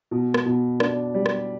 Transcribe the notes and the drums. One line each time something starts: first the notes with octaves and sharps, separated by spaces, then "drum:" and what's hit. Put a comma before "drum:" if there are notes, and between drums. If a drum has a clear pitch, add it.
B2
drum: rim click
B2
D4, drum: rim click
G3
drum: rim click